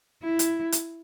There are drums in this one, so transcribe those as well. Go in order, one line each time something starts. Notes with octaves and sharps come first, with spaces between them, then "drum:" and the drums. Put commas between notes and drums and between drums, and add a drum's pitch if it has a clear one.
E4
drum: hi-hat
drum: hi-hat